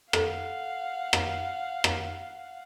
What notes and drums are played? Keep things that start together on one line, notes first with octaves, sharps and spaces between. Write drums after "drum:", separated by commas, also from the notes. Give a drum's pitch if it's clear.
A4 F5 F#5, drum: rim click
drum: rim click
drum: rim click